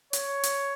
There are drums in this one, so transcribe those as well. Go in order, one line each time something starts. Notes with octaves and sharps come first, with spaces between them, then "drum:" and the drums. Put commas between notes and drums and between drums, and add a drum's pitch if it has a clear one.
C#5, drum: hi-hat
drum: hi-hat